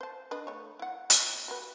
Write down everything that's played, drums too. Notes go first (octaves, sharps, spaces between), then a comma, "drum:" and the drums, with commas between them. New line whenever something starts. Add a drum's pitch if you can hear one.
C5 A5
D4 B4 D#5
A3 C#5
E4 F#5
C#5, drum: hi-hat
F#4 G4 B4